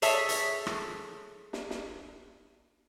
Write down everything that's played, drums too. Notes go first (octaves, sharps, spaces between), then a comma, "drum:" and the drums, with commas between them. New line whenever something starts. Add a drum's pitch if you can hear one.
G#4 A4 C#5 E5, drum: hi-hat
drum: hi-hat
drum: rim click
drum: snare
drum: snare